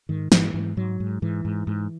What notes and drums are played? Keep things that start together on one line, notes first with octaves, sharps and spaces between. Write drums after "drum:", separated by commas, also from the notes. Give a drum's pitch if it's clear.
G#2 D#3
G#2 E3, drum: snare
G#2
G#2 F#3
G#2
G#2 E3
G#2
G#2